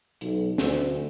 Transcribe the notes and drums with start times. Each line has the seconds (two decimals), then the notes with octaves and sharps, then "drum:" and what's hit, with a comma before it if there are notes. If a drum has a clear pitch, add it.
0.21 B1, drum: hi-hat
0.58 D2, drum: snare